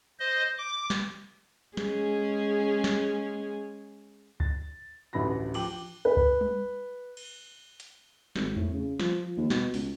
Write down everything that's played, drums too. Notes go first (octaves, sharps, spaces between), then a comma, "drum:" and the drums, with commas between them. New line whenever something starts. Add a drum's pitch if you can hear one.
C5 D#5
D6
drum: snare
G#3 C#4 G#4, drum: snare
drum: snare
A6, drum: kick C#2
A1 D2 E3 B5 A#6
F3 G5 D6 F#7, drum: cymbal
B4
drum: kick C#2
drum: tom G3
drum: cymbal
drum: hi-hat
G#1, drum: snare
A2, drum: tom E2
C#3
F3, drum: snare
D#2
B2, drum: snare
C#2, drum: open hi-hat